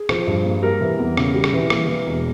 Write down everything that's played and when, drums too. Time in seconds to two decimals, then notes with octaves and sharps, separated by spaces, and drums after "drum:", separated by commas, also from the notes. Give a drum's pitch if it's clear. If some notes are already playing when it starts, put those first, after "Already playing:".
Already playing: G#4
0.09 F3, drum: rim click
0.27 G2
0.45 A#3
0.62 G3 A#4
0.81 E3
0.99 E2
1.17 C#3, drum: rim click
1.34 G3
1.44 drum: rim click
1.53 E3
1.70 A#3, drum: rim click
1.88 E3
2.07 E1